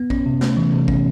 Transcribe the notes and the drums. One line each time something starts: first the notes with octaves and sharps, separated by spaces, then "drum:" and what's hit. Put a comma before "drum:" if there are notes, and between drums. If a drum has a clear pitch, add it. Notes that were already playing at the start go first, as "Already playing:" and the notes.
Already playing: B3
C#4, drum: kick A1
C3
A3, drum: snare
E3
C3
C#4, drum: kick A1